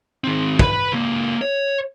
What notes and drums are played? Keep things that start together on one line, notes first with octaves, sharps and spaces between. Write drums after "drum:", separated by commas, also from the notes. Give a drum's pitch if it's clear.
D#3 C4
B4 B5, drum: kick
C#2 A#3
C#5